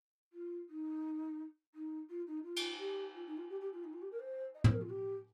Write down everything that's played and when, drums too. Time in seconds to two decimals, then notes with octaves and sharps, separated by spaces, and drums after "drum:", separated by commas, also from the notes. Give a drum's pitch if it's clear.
0.33 F4
0.69 D#4
1.75 D#4
2.10 F4
2.27 D#4
2.44 F4
2.56 drum: cymbal
2.79 G4
3.15 F4
3.27 D#4
3.37 F4
3.50 G4
3.61 G4
3.73 F4
3.84 D#4
3.93 F4
4.02 G4
4.12 A#4
4.19 C5
4.55 D#5
4.64 C5, drum: tom
4.72 A#4
4.81 F4
4.90 G4